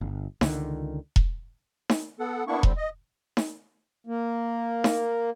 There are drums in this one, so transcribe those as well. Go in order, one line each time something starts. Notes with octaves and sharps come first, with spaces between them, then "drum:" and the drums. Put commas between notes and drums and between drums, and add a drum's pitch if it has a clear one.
G1
C#2 D3 D#3, drum: snare D#4
drum: kick E1
drum: snare D#4
B3 A4 F#5
A#3 B3 D4 E4 C#6
D3 G3 C4, drum: kick E1
D#5
drum: snare D#4
A#3
drum: snare D#4